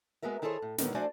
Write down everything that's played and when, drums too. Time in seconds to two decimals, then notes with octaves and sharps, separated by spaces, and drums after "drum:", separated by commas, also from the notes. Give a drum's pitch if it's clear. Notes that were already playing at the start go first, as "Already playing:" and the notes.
0.22 G#3 B3 F#4 A#4 E5
0.42 D#3 E4 G#4 A4 C5 C#5
0.62 A2
0.78 A2 D3 D#3 F#3 B3, drum: snare
0.95 A3 D4 F#4 C5 D5 G#5